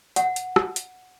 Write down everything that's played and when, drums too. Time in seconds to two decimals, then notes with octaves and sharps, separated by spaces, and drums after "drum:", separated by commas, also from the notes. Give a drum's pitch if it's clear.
0.16 F#5, drum: hi-hat
0.36 drum: hi-hat
0.56 drum: rim click
0.76 drum: hi-hat